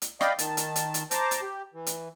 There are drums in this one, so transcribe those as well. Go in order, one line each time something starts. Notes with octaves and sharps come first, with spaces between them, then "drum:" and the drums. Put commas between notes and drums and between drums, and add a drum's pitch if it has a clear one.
drum: hi-hat
D5 D#5 F5 G5 B5, drum: rim click
D#3 A5, drum: hi-hat
drum: hi-hat
drum: hi-hat
drum: hi-hat
C5 A5 A#5 D6, drum: hi-hat
drum: hi-hat
G4
E3
drum: hi-hat